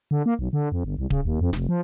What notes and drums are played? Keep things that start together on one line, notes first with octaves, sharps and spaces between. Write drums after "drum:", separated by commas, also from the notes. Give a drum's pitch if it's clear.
D3
A#3
B1
D3
F2
G1
C2
C#3, drum: kick D1
D#2
F2
F1, drum: snare
F3